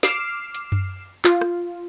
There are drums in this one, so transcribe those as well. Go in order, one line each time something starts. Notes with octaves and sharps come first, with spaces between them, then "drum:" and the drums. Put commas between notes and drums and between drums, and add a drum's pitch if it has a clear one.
D6 F6 C7 E7, drum: snare
drum: hi-hat
drum: tom F#2
F4, drum: clap
drum: rim click